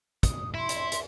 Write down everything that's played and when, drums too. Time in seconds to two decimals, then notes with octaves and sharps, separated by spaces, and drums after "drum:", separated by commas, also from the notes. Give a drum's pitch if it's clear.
0.23 D#6, drum: kick, hi-hat
0.54 E5 B5 C6
0.69 drum: hi-hat
0.92 drum: hi-hat